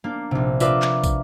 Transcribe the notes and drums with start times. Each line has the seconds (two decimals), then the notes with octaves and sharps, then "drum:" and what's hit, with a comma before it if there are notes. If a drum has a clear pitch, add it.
0.04 A#3 D4
0.31 A#1 C3
0.60 F4 A#4 B4 D5 E5, drum: tambourine
0.82 drum: clap
1.04 drum: kick, tambourine